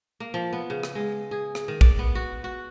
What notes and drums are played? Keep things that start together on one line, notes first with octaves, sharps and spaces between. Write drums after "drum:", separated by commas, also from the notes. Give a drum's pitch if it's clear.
A#3
F3
B3
C#3
drum: rim click
G#3
G#4
drum: rim click
D#3
D5, drum: kick
B3
F#4
F#4